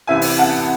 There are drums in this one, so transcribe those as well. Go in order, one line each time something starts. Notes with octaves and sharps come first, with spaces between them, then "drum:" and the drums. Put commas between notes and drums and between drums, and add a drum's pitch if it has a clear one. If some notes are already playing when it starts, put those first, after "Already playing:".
C2 C3 E3 C4 E4 E5 G#5
drum: open hi-hat
F#5 A5